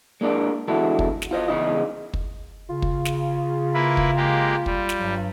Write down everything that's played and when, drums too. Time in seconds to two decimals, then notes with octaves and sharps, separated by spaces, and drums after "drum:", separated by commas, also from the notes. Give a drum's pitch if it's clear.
0.21 G#3 A#3 D4 A#4 D5
0.68 E2 D3 G#3 E4 F#4 A4
0.99 drum: kick
1.22 drum: snare
1.31 F4 C5 D#5
1.48 E2 C#3 G#3 D#4 D#5
2.14 drum: kick
2.70 C#3 F4
2.82 drum: kick
3.05 drum: snare
3.74 A#3 E4 B4
3.97 drum: kick
4.16 G#3 A#3 G4
4.66 G3, drum: kick
4.89 drum: snare
4.98 G2 F#3